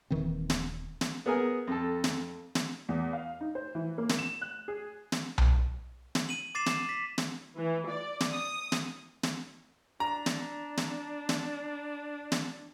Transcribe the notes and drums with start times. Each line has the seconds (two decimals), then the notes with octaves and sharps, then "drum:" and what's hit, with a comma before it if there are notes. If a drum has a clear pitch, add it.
0.11 D#1 D#3 E3 C4
0.50 drum: snare
1.01 drum: snare
1.26 B3 G#4 A#4 G#5
1.67 F2 A4
2.04 drum: snare
2.55 drum: snare
2.89 E2
3.13 F5
3.41 D#4
3.55 C5
3.75 E3
3.98 A#3
4.09 drum: snare
4.19 E7
4.41 F#6
4.68 G#4
5.12 drum: snare
5.38 drum: tom B1
6.15 drum: snare
6.29 D#7 F#7
6.55 D6 A6 C7 E7
6.66 drum: snare
6.89 B6
7.18 drum: snare
7.56 E3
7.89 D5
8.20 drum: snare
8.32 D#6
8.72 drum: snare
9.23 drum: snare
10.00 D4 A#5
10.26 drum: snare
10.77 drum: snare
11.29 drum: snare
12.32 drum: snare